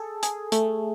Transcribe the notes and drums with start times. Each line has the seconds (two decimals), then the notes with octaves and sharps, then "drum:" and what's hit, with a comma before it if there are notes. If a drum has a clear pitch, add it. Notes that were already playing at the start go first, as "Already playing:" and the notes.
Already playing: G#4 A4
0.23 G#4, drum: hi-hat
0.52 A3, drum: hi-hat